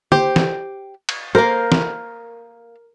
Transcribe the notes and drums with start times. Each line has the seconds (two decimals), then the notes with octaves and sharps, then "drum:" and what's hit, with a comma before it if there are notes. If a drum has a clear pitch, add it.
0.12 G4 C5, drum: tom D3
0.36 drum: snare
1.09 drum: cymbal
1.35 A#3 A#4 C5
1.72 drum: snare